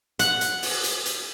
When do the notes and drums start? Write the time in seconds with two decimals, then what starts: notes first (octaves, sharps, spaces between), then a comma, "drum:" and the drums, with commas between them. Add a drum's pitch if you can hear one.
0.19 F#5, drum: hi-hat
0.41 drum: hi-hat
0.62 drum: open hi-hat
0.84 drum: hi-hat
1.06 drum: hi-hat